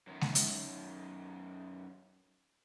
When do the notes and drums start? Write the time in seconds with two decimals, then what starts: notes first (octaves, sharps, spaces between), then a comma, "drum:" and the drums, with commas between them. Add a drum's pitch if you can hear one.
0.07 F#2 D#3
0.21 drum: snare G#3
0.35 drum: hi-hat